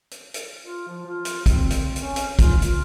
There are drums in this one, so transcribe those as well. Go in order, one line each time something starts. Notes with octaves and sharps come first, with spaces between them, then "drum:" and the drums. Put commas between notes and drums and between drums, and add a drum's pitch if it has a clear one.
drum: hi-hat
drum: hi-hat
F4
F3
F4
drum: hi-hat
C4, drum: kick, hi-hat
drum: hi-hat
C#4, drum: hi-hat
drum: hi-hat
F4, drum: kick, hi-hat
F4, drum: hi-hat